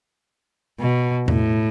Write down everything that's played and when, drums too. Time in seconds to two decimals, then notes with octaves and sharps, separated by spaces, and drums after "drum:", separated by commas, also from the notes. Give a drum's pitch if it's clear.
0.80 B2
1.28 A2, drum: tom